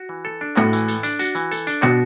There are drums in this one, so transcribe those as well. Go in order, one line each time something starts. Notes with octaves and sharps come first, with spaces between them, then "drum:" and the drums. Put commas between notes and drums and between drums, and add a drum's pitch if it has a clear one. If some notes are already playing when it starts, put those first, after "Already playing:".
Already playing: F#4
E3
A4
D4
A2 F#4, drum: clap
E3, drum: tambourine
A4, drum: tambourine
D4, drum: tambourine
F#4, drum: tambourine
E3, drum: tambourine
A4, drum: tambourine
D4, drum: tambourine
B2 F#4, drum: clap